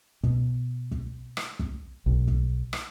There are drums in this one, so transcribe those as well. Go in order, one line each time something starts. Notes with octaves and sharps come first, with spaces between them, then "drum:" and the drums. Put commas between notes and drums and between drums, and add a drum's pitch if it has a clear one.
B2, drum: kick
drum: kick
drum: rim click
drum: kick
B1
drum: kick
drum: rim click